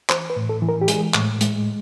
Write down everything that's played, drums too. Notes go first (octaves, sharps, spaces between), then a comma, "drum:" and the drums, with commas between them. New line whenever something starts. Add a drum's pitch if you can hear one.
E3 C5, drum: clap
B4
A2
A4
E3
A#4
G4
G#3 G#4, drum: hi-hat
A2, drum: clap
G#3, drum: hi-hat